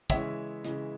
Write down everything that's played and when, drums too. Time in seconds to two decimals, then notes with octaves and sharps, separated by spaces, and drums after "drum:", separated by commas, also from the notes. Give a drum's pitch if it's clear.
0.10 C#3 E3 G#3 C#5 E5, drum: kick, hi-hat
0.65 C#3 E3 G#3, drum: hi-hat